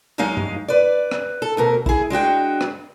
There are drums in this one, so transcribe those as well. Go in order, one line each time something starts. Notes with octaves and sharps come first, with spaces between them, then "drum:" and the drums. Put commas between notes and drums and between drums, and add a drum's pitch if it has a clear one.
D#2 F#3 G#3 D#4 F5
drum: tom G2
B4 D5
drum: rim click
A4
D2 B2 A#4
E4 G#4, drum: kick A#1
G#3 D4 F#4 G5
drum: rim click